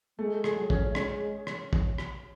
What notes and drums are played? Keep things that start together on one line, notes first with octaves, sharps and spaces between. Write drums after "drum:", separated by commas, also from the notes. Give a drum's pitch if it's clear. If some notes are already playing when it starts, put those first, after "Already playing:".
G#3 A3
G#4, drum: rim click
F#3
C#4, drum: kick
A3
G#3 C#4, drum: rim click
drum: rim click
drum: kick
drum: rim click